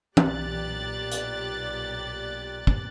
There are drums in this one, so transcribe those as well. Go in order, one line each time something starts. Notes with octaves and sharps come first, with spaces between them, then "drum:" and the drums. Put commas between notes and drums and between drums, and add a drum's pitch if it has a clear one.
B1 A#2 G4 D5 F#6 A6, drum: tom
drum: hi-hat
drum: kick